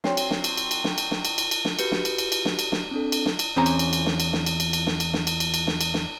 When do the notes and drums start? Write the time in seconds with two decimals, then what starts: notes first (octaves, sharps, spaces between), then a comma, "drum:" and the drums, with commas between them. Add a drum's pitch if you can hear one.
0.04 F#3 C4 C6, drum: snare
0.17 drum: cymbal
0.31 drum: snare
0.44 drum: cymbal
0.57 drum: cymbal
0.71 drum: cymbal
0.84 drum: snare
0.98 drum: cymbal
1.11 drum: snare
1.25 drum: cymbal
1.38 drum: cymbal
1.51 drum: cymbal
1.65 drum: snare
1.79 F#4 G4 B4 G6 C#7, drum: cymbal
1.92 drum: snare
2.05 drum: cymbal
2.18 drum: cymbal
2.32 drum: cymbal
2.45 drum: snare
2.59 drum: cymbal
2.72 drum: snare
2.91 C4 D4 A4
3.12 drum: cymbal
3.26 drum: snare
3.39 drum: cymbal
3.56 E2 C4 C#4 G#5 A#5
3.66 drum: cymbal
3.79 drum: cymbal
3.93 drum: cymbal
4.06 drum: snare
4.20 drum: cymbal
4.33 drum: snare
4.46 drum: cymbal
4.60 drum: cymbal
4.73 drum: cymbal
4.87 drum: snare
5.00 drum: cymbal
5.13 drum: snare
5.27 drum: cymbal
5.40 drum: cymbal
5.54 drum: cymbal
5.67 drum: snare
5.81 drum: cymbal
5.94 drum: snare